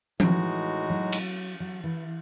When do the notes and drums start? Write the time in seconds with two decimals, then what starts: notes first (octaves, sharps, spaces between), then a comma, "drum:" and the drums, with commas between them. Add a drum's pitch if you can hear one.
0.20 A2 E3 G#3 D#4 F#4, drum: tom F3
0.90 F#3
1.12 drum: cymbal
1.60 F#3
1.84 E3